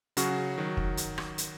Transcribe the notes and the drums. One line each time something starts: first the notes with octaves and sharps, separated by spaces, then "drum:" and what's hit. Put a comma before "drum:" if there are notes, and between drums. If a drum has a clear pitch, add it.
C#3 F#3 C#4 F#4, drum: hi-hat
D#3 F#3
drum: kick
drum: hi-hat
drum: rim click
drum: hi-hat